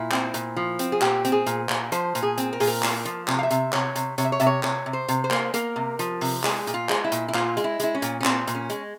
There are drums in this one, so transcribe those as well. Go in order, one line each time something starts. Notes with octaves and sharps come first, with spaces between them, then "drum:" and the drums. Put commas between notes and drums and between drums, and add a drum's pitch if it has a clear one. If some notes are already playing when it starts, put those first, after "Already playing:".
Already playing: A#2 E4
C4, drum: clap
A#2, drum: hi-hat
F3
C4, drum: hi-hat
G#4
A#2 G4, drum: clap
C4, drum: hi-hat
G#4
A#2, drum: hi-hat
A#2, drum: clap
F3 C5, drum: hi-hat
A#2, drum: hi-hat
G#4
C4, drum: hi-hat
A#4
A#2 G#4, drum: open hi-hat
A#4
A#3, drum: clap
F3, drum: hi-hat
C3, drum: clap
F5
E5
C3, drum: hi-hat
C3 C#5, drum: clap
C3, drum: hi-hat
C3 C#5, drum: hi-hat
E5
C#5
C3 E5, drum: hi-hat
C#5
C3 C#5, drum: clap
C3
C5
C3, drum: hi-hat
C5
A#3, drum: clap
A#3 A#4, drum: hi-hat
C3
F3, drum: hi-hat
C3, drum: open hi-hat
G#3 G#4, drum: clap
A#2, drum: hi-hat
F4
G#3, drum: clap
E4
A#2, drum: hi-hat
E4
A#2 F4, drum: clap
G#3, drum: hi-hat
E4
G#3 E4, drum: hi-hat
C#4
A#2, drum: hi-hat
C#4
A#2 C4, drum: clap
A#2, drum: hi-hat
C#4
G#3, drum: hi-hat